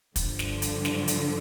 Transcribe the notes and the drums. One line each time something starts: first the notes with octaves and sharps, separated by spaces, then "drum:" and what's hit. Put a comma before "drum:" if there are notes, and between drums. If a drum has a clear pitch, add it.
G2 D3 F3, drum: kick, hi-hat
drum: snare
drum: hi-hat
drum: snare
drum: hi-hat